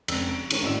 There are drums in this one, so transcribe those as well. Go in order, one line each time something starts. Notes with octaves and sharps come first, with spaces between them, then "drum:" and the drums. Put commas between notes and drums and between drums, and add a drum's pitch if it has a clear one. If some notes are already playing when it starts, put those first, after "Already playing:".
F1 C#2 C4 E6, drum: cymbal
D7
D#3 G#3 C#4 A#4 D#7, drum: cymbal
G#1 A2 F#4 D#5 E6 E7